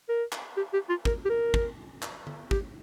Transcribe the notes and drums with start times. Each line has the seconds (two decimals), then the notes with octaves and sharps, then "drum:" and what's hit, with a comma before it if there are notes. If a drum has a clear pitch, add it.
0.09 A#4
0.32 drum: clap
0.57 G4
0.73 G4
0.89 F4
1.05 A#4, drum: kick
1.25 G4
1.29 A#4
1.54 drum: kick
2.02 drum: clap
2.27 drum: tom D3
2.51 G4, drum: kick